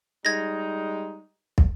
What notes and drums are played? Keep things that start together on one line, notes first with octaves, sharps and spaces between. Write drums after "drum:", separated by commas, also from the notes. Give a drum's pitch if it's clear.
G3 G#3 D#4 G#6 A#6
drum: kick